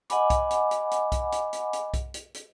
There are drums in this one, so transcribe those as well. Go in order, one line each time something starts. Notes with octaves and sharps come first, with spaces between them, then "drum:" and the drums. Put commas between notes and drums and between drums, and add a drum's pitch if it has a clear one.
D#5 F#5 G#5 B5 D6, drum: hi-hat
drum: kick B1, hi-hat
drum: hi-hat
drum: hi-hat
drum: hi-hat
drum: kick B1, hi-hat
drum: hi-hat
drum: hi-hat
drum: hi-hat
drum: kick B1, hi-hat
drum: hi-hat
drum: hi-hat